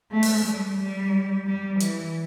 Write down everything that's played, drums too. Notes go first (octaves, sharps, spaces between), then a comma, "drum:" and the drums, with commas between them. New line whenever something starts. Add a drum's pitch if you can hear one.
A3
drum: open hi-hat
G3
G3
G3
E3, drum: hi-hat